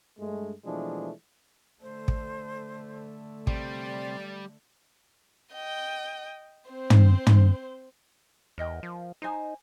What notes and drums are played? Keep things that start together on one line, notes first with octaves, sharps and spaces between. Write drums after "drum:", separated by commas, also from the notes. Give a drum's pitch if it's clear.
G2 G#3 A3
B2 E3 F3 G#3 A3 D4
D3 A3 C5
drum: kick
C3 G3 D5 G5 C6, drum: kick
D#5 G5
C4 C5
drum: tom
drum: tom
E2 A#4 D#5 G5
F3
D#4 C5 G#5